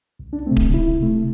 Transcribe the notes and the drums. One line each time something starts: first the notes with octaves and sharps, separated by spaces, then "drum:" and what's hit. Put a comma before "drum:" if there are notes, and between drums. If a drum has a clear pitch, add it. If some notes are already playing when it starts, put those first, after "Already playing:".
C2
D4
C3 A3 C4
drum: kick D1
C2 E4
C3 A3